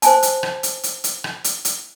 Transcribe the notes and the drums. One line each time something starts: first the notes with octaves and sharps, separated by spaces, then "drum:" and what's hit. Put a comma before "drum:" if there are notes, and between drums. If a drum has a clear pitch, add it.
C5 G#5 A5, drum: hi-hat
drum: hi-hat
drum: rim click
drum: hi-hat
drum: hi-hat
drum: hi-hat
drum: rim click
drum: hi-hat
drum: hi-hat